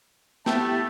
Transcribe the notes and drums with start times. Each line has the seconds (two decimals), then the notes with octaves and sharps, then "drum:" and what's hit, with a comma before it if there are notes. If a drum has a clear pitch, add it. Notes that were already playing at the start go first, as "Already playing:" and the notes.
0.46 A3 B3 E4 G4 G5 A5, drum: snare